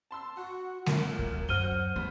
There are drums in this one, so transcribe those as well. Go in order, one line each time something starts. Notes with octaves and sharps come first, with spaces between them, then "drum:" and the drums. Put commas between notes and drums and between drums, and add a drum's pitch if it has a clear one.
A5 C6 E6
F#4 F#5
F#2 A#2 A3 A#4, drum: snare G#3
drum: kick D2
F#2 F#4 C5 F#5 F6 D#7 G7
E2 G2 G3 C5